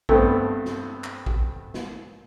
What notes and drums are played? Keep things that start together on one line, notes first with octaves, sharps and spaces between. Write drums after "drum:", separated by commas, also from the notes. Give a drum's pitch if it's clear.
G2 A3 B3 C4, drum: kick A#1
drum: snare
drum: clap
drum: kick A#1
drum: snare